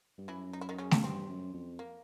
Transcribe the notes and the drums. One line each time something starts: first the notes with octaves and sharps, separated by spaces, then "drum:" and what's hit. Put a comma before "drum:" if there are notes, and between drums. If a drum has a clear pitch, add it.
G2
F#2 E3 E4
D#4
E4
D#3 D#4
C#3 C#4
drum: snare
G2 C4
F#2
F2
A#3